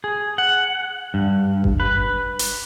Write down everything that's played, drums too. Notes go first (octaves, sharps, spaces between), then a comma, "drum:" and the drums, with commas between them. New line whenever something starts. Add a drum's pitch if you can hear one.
G#4
F#5
G2
drum: kick G1
B4
drum: hi-hat